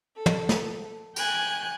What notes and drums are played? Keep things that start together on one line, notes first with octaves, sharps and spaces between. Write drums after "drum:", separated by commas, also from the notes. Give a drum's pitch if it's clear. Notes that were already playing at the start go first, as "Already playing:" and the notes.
A4
drum: tom
drum: snare
G5 G#5 F#6 G#6, drum: cymbal